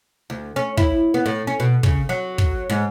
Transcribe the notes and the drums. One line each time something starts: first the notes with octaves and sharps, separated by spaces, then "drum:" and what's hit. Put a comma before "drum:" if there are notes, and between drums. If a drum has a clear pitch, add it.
D2
C#4
E4, drum: kick
B3
A2
C#4
B2
C#3, drum: kick
F#3
drum: kick
G#2